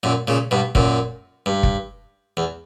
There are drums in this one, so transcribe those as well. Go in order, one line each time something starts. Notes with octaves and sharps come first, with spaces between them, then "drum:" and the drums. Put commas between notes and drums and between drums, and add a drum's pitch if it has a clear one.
F#2 A#2
A#2 C#3
G2 B2
F#2 A#2, drum: kick
G2
drum: kick
E2